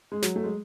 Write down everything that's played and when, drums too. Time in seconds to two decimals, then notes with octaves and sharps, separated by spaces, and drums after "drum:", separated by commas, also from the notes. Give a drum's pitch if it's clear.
0.12 G#3
0.22 F#3, drum: snare
0.36 A3
0.43 G#3